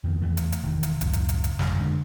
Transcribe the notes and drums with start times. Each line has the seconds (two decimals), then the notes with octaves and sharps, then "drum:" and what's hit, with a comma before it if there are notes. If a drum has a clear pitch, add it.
0.03 F2 D#3 A#3 B3
0.21 E2 E3 F3 A3
0.37 drum: hi-hat
0.52 drum: hi-hat
0.63 E1 D#3
0.83 drum: hi-hat
1.01 C#2 F#2 A2, drum: kick D1, hi-hat
1.13 drum: hi-hat
1.29 drum: hi-hat
1.44 drum: hi-hat
1.59 G1 F2 G#3, drum: snare
1.80 D3 G#3 D4